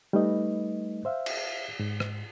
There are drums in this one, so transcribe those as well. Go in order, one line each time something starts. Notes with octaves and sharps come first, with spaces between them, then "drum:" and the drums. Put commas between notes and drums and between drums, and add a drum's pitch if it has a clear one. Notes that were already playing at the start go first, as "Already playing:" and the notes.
G3 A3 D#4 B4 D#5
C5 E5 F5
drum: cymbal
G#2
drum: rim click